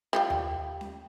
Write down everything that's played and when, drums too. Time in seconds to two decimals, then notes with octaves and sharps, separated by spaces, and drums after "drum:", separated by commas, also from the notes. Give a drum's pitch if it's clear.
0.13 G3 F4 G5, drum: snare C#4
0.30 drum: tom D#2
0.81 drum: snare C#4